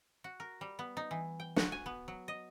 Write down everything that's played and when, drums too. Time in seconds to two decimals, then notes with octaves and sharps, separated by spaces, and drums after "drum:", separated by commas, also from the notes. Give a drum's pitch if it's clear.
0.24 F#4
0.40 A#4
0.61 G3
0.79 B3
0.97 D#4
1.11 E3
1.40 G5
1.56 F#4, drum: snare
1.72 G#5
1.86 B3
2.08 F#3
2.28 D#5